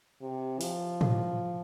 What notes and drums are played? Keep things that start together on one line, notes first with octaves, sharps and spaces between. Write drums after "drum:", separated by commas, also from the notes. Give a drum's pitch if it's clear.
C3
F3, drum: open hi-hat
drum: tom A2